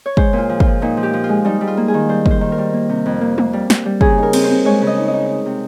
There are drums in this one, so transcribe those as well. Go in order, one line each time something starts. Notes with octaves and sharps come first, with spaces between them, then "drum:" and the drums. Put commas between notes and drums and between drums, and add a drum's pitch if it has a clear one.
C#5
G#3 C5, drum: kick
A#2
F4
F3
F4, drum: kick
F3
A#2 D#4
F3
G4
F3
F4
G#3
G3 D#4
G3
F4
A#3
G#4
D#3
G3 C5
A#3 C5, drum: kick
D#3
A#4
G3
A#3
C3
F2
A#3
A#3, drum: tom G#3
G3
G3, drum: snare
G3
C#3 G#4, drum: kick
D#4 A#4
C4, drum: cymbal
C5
C4
G#3 C#5
C#3
D#5
D#4
D#5
D#4
D#4
C3